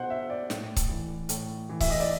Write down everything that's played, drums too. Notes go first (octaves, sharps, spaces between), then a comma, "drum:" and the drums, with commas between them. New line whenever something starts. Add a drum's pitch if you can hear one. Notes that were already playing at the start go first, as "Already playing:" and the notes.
Already playing: B2 C5 F#5
E5
D5
A2, drum: snare
drum: kick C#1, hi-hat
E3
A2, drum: hi-hat
E3
E5, drum: kick C#1, open hi-hat
D#5
D5